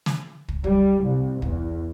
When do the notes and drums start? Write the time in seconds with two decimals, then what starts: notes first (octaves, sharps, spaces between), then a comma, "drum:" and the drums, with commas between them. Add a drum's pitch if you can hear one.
0.06 drum: snare
0.48 drum: kick
0.64 G3, drum: kick
1.05 C2
1.42 E2, drum: kick